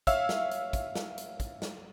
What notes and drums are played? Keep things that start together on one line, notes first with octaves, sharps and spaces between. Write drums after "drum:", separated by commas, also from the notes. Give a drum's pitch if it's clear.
C#5 E5 F5 E6, drum: kick, hi-hat
drum: snare
drum: hi-hat
drum: kick, hi-hat
drum: snare
drum: hi-hat
drum: kick, hi-hat
drum: snare